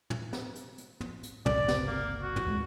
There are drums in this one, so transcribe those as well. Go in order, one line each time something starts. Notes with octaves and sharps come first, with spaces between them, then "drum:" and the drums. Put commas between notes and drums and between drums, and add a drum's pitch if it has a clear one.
drum: tom
drum: snare
drum: hi-hat
drum: hi-hat
drum: tom
drum: hi-hat
G1 C#2 C3 D5, drum: tom
drum: snare
A#3
F#4
drum: tom
D#2 G3 G#3